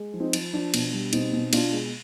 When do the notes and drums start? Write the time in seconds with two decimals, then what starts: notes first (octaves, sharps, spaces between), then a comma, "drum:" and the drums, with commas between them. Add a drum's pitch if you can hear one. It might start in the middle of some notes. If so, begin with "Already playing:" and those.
Already playing: G#3
0.13 F3
0.20 C4 D#4
0.33 F3, drum: cymbal
0.53 F3 D4
0.74 B2, drum: cymbal
0.93 G3
1.13 B2 C4 D#4, drum: cymbal
1.33 B2
1.53 B2 D4 F4, drum: cymbal
1.72 G#3